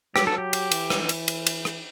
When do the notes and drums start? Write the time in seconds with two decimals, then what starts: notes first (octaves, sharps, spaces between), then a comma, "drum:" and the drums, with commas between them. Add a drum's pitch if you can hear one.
0.16 F#3 G4, drum: rim click
0.27 A4
0.38 G4
0.53 drum: cymbal
0.71 E3, drum: cymbal
0.90 drum: rim click
1.09 drum: cymbal
1.28 drum: cymbal
1.47 drum: cymbal
1.65 drum: rim click